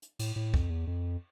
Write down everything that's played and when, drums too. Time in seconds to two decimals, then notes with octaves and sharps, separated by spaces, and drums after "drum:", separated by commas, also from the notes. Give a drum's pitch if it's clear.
0.02 drum: hi-hat
0.19 A2, drum: cymbal
0.36 A2
0.54 F2, drum: kick
0.70 E2
0.87 F2